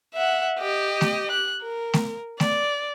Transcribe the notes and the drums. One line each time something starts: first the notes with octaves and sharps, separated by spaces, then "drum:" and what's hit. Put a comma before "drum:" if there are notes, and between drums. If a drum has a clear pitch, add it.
E5 F#5
G4 D#5
drum: snare A3
F#6
A#4
drum: snare A3
D5, drum: snare A3